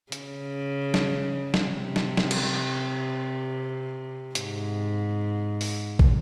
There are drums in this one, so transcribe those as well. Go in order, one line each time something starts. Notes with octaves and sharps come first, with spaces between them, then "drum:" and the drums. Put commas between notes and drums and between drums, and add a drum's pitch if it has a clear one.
C#3, drum: hi-hat
drum: snare
C3, drum: snare
drum: snare
drum: snare
drum: cymbal
G#2, drum: hi-hat
drum: open hi-hat
drum: kick